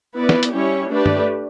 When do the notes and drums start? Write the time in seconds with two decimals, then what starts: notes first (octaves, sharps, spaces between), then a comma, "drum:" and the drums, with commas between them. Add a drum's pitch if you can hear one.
0.16 B3 E4 B4 D5
0.29 drum: snare
0.43 drum: hi-hat
0.53 G3 C#4 E4 G4 C#5
0.91 A3 D4 G4 B4 D5
1.06 drum: tom G2